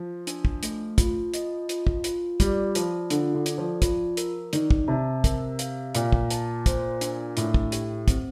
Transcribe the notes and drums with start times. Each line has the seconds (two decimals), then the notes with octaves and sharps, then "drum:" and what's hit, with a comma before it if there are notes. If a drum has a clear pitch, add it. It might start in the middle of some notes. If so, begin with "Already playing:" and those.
Already playing: F3
0.27 D4, drum: hi-hat
0.45 drum: kick
0.63 A3, drum: hi-hat
0.98 F4, drum: kick, hi-hat
1.34 D#5, drum: hi-hat
1.69 F4, drum: hi-hat
1.87 drum: kick
2.04 F4, drum: hi-hat
2.40 G3 D5, drum: kick, hi-hat
2.75 F3 F4, drum: hi-hat
3.10 D3 A4, drum: hi-hat
3.34 D3
3.46 D5, drum: hi-hat
3.58 F3
3.82 F3 F4, drum: kick, hi-hat
4.17 A#4, drum: hi-hat
4.53 D#3 D5, drum: hi-hat
4.71 drum: kick
4.88 C3 A5
5.24 A#4, drum: kick, hi-hat
5.59 F5, drum: hi-hat
5.95 A#2 F5, drum: hi-hat
6.12 drum: kick
6.30 A5, drum: hi-hat
6.66 C5, drum: kick, hi-hat
7.01 D4, drum: hi-hat
7.37 A2 D4, drum: hi-hat
7.54 drum: kick
7.72 G4, drum: hi-hat
8.08 C4, drum: kick, hi-hat